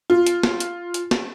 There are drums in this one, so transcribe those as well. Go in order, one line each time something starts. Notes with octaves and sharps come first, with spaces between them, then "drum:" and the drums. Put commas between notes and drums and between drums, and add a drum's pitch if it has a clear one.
F4
drum: hi-hat
drum: snare
drum: hi-hat
drum: hi-hat
drum: snare